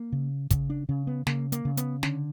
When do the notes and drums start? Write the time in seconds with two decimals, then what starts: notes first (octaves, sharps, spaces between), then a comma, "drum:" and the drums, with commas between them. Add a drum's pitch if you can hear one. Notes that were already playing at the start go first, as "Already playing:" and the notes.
Already playing: A#3
0.12 C#3
0.50 C#3, drum: kick, hi-hat
0.70 D4
0.89 C#3 C#4
1.07 B3
1.27 C#3 A#3, drum: snare
1.52 A#3, drum: hi-hat
1.65 C#3
1.77 B3, drum: hi-hat
2.03 D3 C#4, drum: snare